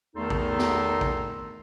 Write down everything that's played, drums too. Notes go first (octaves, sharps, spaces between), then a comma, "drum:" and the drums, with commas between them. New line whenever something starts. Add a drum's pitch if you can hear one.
E2 D#3 A3 D#4 A4 C6
drum: kick
drum: snare
drum: kick